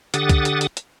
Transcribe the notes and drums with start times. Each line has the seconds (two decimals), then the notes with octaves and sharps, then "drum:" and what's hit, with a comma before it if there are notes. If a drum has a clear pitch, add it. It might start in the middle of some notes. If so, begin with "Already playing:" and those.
0.14 D3 G4 F#5 D#6 A6, drum: hi-hat
0.29 drum: kick, hi-hat
0.45 drum: hi-hat
0.61 drum: hi-hat
0.77 drum: hi-hat